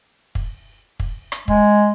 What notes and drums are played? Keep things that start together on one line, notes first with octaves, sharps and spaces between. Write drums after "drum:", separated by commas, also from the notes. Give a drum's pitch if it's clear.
drum: kick
drum: kick
drum: rim click
G#3, drum: kick